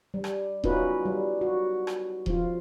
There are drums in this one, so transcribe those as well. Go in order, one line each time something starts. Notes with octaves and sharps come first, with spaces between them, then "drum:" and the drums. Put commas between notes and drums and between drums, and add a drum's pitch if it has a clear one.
G3
drum: rim click
C#4 D#4 F4 F#4 B4, drum: kick D#1
G3
F#4
drum: rim click
F3 F4, drum: kick D#1